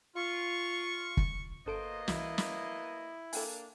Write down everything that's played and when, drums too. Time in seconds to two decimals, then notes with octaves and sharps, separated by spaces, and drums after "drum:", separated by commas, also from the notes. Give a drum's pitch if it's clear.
0.16 F4 C#6
1.17 drum: kick
1.66 G1 B2 A#3 A4 C5 D#5 D7
2.08 C2 E3 E4 F#4, drum: snare
2.38 drum: snare
3.33 A#3 D4 A4 G5 G#5, drum: open hi-hat